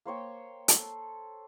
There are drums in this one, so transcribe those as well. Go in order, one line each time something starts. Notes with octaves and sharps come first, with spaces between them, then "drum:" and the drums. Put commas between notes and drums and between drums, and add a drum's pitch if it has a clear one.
A#3 C5 C#5 G5
A4, drum: hi-hat